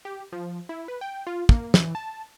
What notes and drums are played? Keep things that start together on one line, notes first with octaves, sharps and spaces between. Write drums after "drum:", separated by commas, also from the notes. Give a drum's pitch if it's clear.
G4
F3
E4
B4
G5
F4
A#3, drum: kick
E3, drum: snare
A5